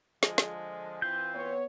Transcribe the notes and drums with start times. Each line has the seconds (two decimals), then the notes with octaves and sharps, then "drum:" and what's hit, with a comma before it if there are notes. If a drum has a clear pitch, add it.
0.23 D3 F3 G#3, drum: snare
0.38 drum: snare
1.02 E3 C4 F4 G6
1.34 B3 C#5